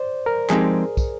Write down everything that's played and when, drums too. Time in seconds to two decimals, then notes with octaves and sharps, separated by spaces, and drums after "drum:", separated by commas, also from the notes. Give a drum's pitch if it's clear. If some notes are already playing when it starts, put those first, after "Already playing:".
Already playing: C5 D5
0.26 A#4
0.50 F3 G#3 C4 D#4 G4 G#4, drum: clap
0.97 drum: kick, tambourine